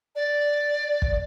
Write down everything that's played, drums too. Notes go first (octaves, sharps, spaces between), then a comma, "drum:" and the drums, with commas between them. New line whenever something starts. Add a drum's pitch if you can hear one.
D5
drum: kick